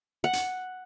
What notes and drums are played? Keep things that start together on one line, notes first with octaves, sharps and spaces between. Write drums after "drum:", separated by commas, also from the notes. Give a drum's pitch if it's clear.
F#5
drum: hi-hat